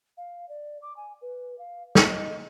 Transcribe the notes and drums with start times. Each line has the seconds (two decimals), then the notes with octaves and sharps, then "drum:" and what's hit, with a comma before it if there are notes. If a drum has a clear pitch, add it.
0.17 F5
0.49 D5
0.82 D6
0.97 G#5
1.22 B4
1.59 F5
1.95 D#5, drum: snare